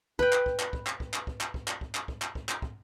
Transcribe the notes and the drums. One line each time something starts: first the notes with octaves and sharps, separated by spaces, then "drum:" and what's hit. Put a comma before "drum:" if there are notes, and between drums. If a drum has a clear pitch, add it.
B4 G5, drum: kick
drum: clap
drum: kick
drum: clap
drum: kick
drum: clap
drum: kick
drum: clap
drum: kick
drum: clap
drum: kick
drum: clap
drum: kick
drum: clap
drum: kick
drum: clap
drum: kick
drum: clap
drum: kick